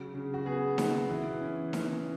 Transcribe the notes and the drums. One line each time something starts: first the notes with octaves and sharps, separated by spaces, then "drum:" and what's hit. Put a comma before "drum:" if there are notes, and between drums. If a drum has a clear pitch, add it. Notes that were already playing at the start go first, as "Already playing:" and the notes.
Already playing: C#3 F#3 F#4
C#3
F#4
B3 G#4
B3, drum: snare D#4
E3
C#4
C#4, drum: snare D#4